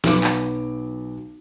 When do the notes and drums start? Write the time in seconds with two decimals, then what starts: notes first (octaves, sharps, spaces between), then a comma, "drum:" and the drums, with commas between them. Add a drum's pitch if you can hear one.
0.04 B1 F#3 B3 D6, drum: snare
0.24 drum: clap